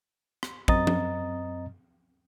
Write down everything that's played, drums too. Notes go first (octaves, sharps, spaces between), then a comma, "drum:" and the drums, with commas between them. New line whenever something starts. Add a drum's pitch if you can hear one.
drum: rim click
F#2 C4 D#5 A#5 D#6 A6, drum: kick
drum: tom F3